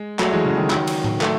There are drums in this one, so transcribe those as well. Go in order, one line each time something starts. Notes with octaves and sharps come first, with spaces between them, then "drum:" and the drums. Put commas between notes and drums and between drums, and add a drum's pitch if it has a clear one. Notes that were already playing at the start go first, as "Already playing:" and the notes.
Already playing: G#3
F#3 A3, drum: clap
E3 G#3
C#3 E3
D#3 F#3
D#3 F#3, drum: clap
drum: cymbal
drum: tom A2
F#3 A3, drum: clap